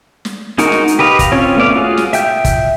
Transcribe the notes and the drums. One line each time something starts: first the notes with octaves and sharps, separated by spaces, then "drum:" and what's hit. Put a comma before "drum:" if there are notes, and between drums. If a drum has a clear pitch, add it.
drum: snare
G#3 D#4 F#4 A#4, drum: hi-hat
drum: snare
drum: hi-hat
G4 B4 D#5 F5
drum: kick, hi-hat
C4 C#4 F4 C#5
A3 B3 D5 F5
F4 F#4 G#4
drum: snare
E5 G5 G6, drum: hi-hat
drum: kick, hi-hat